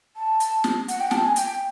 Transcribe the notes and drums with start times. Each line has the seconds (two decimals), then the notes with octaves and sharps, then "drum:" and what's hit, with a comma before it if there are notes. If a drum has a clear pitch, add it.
0.16 A5
0.40 drum: hi-hat
0.64 drum: snare
0.88 F#5, drum: hi-hat
1.00 G5
1.11 A5, drum: snare
1.24 G#5
1.36 G5, drum: hi-hat